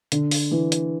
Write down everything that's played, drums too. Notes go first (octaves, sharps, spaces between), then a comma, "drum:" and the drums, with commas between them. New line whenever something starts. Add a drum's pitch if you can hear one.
D3, drum: hi-hat
drum: open hi-hat
E3
drum: hi-hat